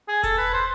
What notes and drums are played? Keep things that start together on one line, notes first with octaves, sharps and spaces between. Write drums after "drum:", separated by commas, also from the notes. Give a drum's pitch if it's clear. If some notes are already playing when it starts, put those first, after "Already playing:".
G#4
A4, drum: kick E1, hi-hat
B4
C5